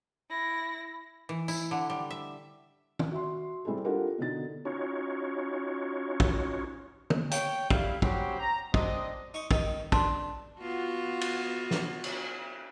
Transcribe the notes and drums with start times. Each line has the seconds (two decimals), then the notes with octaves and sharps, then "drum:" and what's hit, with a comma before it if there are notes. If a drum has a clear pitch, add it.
0.30 E4 A#6
1.29 E3
1.48 E4, drum: tambourine
1.71 D3
1.90 G3
2.11 E5
2.99 drum: tom
3.11 F#4 E5 C6
3.65 G3 C4 E4 G#4 A4
3.84 D4 F4 G4 A4 A#4 F#5
4.18 B2 D3 D#4 A6
4.65 C#4 D#4 F4 F#4 C#5
6.20 drum: kick
7.10 drum: tom
7.31 C#5 G5, drum: hi-hat
7.70 G3 E4 F5, drum: kick
8.02 F#3 C#4 G4 C5 G5 B5, drum: kick
8.40 A#5
8.74 C4 D4 D5 D#5, drum: kick
9.34 D#4 C#6
9.51 D#3 D#4, drum: kick
9.92 D4 A5 C6, drum: kick
10.61 B3 F4 F#4
11.21 drum: cymbal
11.71 drum: snare
12.04 drum: cymbal